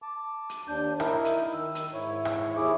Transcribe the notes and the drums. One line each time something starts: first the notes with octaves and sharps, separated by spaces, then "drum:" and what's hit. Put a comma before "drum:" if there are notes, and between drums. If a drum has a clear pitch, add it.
A5 D6
drum: hi-hat
D#2 D4 G6
D#4 E4 A#4, drum: rim click
drum: hi-hat
D#3 E6
drum: hi-hat
G#2 E4 C#5
drum: rim click
D#2 E4 G#4 D6